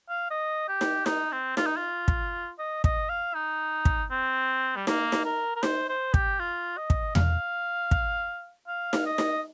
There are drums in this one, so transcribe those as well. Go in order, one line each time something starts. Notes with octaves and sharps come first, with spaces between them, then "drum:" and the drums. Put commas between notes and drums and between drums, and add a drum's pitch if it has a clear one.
F5
D#5
G4
drum: snare D#4
D#4, drum: snare D#4
C4
F4, drum: snare D#4
D#4
F4
drum: kick
D#5
D#5, drum: kick
F5
D#4
drum: kick
C4
G3
A#3, drum: snare D#4
drum: snare D#4
A#4
A#4
C5, drum: snare D#4
C5
G4, drum: kick
F4
D#5
drum: kick
F5, drum: tom E2
drum: kick
F5
drum: snare D#4
D#5
drum: snare D#4